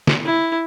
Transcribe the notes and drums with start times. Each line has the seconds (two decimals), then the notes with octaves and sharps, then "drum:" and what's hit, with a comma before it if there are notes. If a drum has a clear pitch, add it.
0.07 drum: snare
0.25 E4